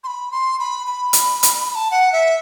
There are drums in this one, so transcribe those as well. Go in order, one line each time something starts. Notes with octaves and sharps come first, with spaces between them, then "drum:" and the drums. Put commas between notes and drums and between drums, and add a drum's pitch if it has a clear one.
C6
B5
C6
B5
B5
drum: hi-hat
drum: hi-hat
B5
A5
F#5
E5